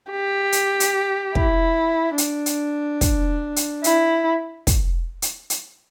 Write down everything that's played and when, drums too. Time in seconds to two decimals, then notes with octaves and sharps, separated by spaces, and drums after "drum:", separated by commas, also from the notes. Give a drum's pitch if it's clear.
0.11 G4
0.52 drum: hi-hat
0.80 drum: hi-hat
1.35 E4, drum: kick
2.18 D4, drum: hi-hat
2.46 drum: hi-hat
3.01 drum: kick, hi-hat
3.56 drum: hi-hat
3.84 E4, drum: hi-hat
4.67 drum: kick, hi-hat
5.22 drum: hi-hat
5.50 drum: hi-hat